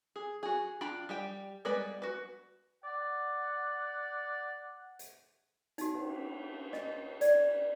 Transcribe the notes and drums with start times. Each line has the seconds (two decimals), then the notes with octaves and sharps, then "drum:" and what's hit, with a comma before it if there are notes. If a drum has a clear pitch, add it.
0.16 G#4
0.43 F#4 G#4
0.81 D4 F4 G5 B5
1.09 G3 G4 G5
1.65 G3 G#3 B3 B4 D5
2.02 F#4 B4
2.84 D5 F#5
4.99 drum: hi-hat
5.78 D#4 F#4, drum: hi-hat
5.95 drum: cymbal
6.73 D#5, drum: snare
7.21 D5, drum: hi-hat